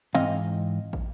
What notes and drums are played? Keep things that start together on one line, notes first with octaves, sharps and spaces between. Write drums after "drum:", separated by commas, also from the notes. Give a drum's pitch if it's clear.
G#2 E3 C4 D#5 F5
drum: kick